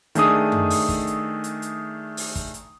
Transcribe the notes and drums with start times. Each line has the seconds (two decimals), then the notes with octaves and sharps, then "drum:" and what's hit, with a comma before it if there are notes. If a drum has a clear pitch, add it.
0.15 D#3 A3 D4 G#4 D#6, drum: hi-hat
0.52 drum: tom F#2
0.70 drum: open hi-hat
0.89 drum: kick, hi-hat
1.07 drum: hi-hat
1.44 drum: hi-hat
1.62 drum: hi-hat
2.17 drum: open hi-hat
2.36 drum: kick, hi-hat
2.54 drum: hi-hat